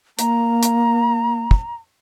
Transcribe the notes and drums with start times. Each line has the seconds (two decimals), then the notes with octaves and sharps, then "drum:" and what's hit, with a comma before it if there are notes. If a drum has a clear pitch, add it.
0.19 A#3 A#5, drum: hi-hat
0.63 drum: hi-hat
1.51 drum: kick